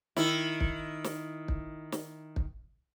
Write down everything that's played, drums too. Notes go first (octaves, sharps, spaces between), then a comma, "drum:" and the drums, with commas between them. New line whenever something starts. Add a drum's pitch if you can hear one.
D#3 E4, drum: snare
drum: kick
drum: snare
drum: kick
drum: snare
drum: kick